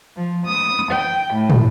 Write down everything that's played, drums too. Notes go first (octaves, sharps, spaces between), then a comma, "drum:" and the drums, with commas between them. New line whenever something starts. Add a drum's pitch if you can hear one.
F3
D#6
G5
A2
drum: tom